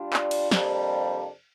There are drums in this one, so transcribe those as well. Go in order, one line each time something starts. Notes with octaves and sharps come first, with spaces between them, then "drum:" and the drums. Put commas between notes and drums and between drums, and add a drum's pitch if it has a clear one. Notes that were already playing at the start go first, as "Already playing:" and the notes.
Already playing: G3 D4 F4
drum: clap
drum: cymbal
F2 C3 G3 A#3 D4, drum: snare